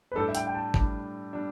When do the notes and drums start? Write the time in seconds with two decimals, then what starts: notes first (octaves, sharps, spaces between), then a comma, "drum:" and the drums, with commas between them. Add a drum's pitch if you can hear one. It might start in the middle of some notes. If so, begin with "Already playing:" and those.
0.12 B4
0.15 A2 G3 D4 A4
0.28 E5
0.35 G5, drum: hi-hat
0.47 G5
0.55 A5
0.74 A2 G3 D4, drum: kick G#1
1.33 G3 D4